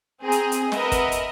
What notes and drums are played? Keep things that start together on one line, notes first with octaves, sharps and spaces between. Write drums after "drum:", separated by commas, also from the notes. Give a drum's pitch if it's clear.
C4 G#4 A#5
drum: hi-hat
drum: hi-hat
A#4 B4 D#5 E5 F#5, drum: snare
drum: kick, hi-hat
drum: hi-hat